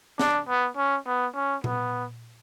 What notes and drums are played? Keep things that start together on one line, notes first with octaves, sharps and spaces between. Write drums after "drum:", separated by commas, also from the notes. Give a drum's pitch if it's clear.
D4, drum: snare
B3
C#4
B3
C#4
B3, drum: tom A#2